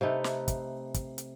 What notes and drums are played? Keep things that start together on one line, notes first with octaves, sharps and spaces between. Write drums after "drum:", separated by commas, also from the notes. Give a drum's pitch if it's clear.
C3 A3 D#4 B4
drum: snare
drum: kick, hi-hat
drum: kick, hi-hat
drum: hi-hat